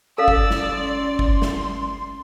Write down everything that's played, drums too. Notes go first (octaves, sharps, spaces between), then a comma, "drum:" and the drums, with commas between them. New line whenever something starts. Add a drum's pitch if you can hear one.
C#4 A4 D5 F5 E6
drum: kick G1
drum: snare
C6
drum: kick G1
drum: snare